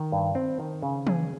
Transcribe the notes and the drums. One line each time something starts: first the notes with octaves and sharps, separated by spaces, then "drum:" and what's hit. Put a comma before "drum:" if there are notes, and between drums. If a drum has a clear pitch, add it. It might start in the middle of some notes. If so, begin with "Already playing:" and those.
Already playing: D#3
G2
C4
D#3
C#3
G#4, drum: tom